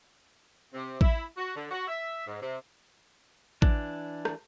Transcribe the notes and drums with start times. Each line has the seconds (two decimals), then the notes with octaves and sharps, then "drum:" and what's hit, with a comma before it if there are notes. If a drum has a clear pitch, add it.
0.74 C3
1.01 E4, drum: kick A1
1.37 F#4
1.55 D3
1.71 F#4
1.88 E5
2.27 G#2
2.41 C3
3.62 E3 D4, drum: kick A1
4.25 drum: rim click